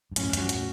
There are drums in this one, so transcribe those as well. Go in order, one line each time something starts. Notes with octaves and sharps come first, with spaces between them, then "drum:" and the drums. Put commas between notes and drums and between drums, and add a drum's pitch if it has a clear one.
G2
F#2 A2 C#4, drum: hi-hat
E2 G2 F#4, drum: hi-hat
A2, drum: hi-hat